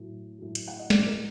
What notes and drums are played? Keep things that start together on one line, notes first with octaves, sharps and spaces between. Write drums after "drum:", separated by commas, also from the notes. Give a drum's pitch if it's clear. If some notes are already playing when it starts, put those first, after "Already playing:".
Already playing: A2 F#3
A2 F#3
drum: hi-hat
F#5
D#5
A2 G3 D5, drum: snare
A#4